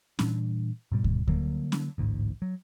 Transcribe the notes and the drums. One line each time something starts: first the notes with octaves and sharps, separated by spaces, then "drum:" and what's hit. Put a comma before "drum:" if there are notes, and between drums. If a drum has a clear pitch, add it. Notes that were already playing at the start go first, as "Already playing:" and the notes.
A#2 E3 G3 D4, drum: snare
G#2 B2 G3
drum: kick D2
D3 F#3 G3 A#3, drum: kick D2
drum: snare
A1 D2 G#2
F#3